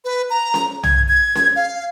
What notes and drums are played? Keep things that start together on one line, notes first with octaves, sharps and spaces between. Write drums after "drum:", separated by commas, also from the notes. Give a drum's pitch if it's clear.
B4
A#5
drum: snare C#4
G#6, drum: tom
G#6
drum: snare C#4
F5